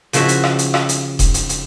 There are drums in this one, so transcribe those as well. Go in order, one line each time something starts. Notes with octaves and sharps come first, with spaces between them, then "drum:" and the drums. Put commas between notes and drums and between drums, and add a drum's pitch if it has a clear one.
C#3 F3 E4 F#4 E5, drum: hi-hat
drum: hi-hat
drum: rim click
drum: hi-hat
drum: rim click
drum: hi-hat
drum: kick D#1, hi-hat
drum: hi-hat
drum: hi-hat